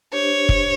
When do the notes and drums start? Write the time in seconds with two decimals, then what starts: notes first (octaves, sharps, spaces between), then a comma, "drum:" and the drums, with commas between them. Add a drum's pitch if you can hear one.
0.13 D4 G4 C5 C#5
0.49 drum: kick